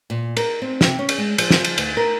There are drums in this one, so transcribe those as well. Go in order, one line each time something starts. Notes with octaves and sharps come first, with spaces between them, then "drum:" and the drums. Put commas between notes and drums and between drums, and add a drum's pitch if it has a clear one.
A#2
A#4, drum: cymbal
C4
C3, drum: snare
C#4
drum: cymbal
G#3
F3, drum: cymbal
drum: snare
drum: cymbal
D2, drum: cymbal
A#4